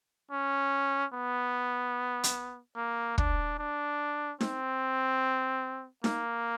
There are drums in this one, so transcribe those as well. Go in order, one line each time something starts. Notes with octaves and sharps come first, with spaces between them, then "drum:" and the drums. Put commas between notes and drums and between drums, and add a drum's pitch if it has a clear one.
C#4
B3
drum: hi-hat
A#3
D4, drum: kick
D4
C4, drum: snare D#4
A#3, drum: snare D#4